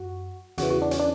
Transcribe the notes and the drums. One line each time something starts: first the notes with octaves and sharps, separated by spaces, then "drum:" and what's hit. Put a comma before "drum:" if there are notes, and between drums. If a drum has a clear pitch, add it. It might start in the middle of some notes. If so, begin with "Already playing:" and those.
Already playing: F#2 F#4
E2 C#3 E3 F#4, drum: hi-hat
F#4
D4
C#4, drum: hi-hat
D4